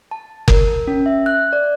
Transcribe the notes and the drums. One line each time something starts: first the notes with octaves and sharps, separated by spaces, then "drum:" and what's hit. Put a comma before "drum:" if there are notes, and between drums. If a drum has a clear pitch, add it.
A5
A#4, drum: kick F#1
A#4
C#4
E5
F#6
D5